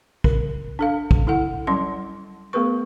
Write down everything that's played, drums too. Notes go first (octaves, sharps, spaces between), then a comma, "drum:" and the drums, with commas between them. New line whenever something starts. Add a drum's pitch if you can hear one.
A#4, drum: kick
D4 A4 F5
drum: kick
E4 A4 F#5
F#3 G3 C#4 C6
A3 B3 G#4 A#4 B4 C#6